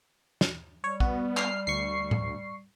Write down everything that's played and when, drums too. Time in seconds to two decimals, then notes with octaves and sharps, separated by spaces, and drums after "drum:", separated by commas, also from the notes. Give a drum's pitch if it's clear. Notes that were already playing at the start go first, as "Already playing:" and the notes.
0.41 drum: snare
0.84 G3 C#5
1.00 B3 F#4, drum: kick
1.37 F6 C7, drum: clap
1.67 D2 C#6 C7
2.11 drum: tom A2